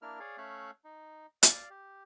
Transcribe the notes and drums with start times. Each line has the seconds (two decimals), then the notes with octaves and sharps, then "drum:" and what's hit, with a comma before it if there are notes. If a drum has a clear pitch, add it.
0.02 A#3 D4 E4 A#4 F6
0.19 G#4 C#5 D5 F5
0.38 A3 C#4 C#5 E5 F5 F#6
0.84 D#4
1.43 D5 F5, drum: hi-hat
1.70 G4